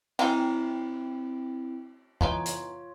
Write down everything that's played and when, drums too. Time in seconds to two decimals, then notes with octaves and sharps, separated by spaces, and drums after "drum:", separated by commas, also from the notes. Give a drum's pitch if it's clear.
0.19 E3 C4 D#4 E4 G5, drum: cymbal
2.21 E3 B3 D#4 F4 C#5, drum: kick
2.46 drum: hi-hat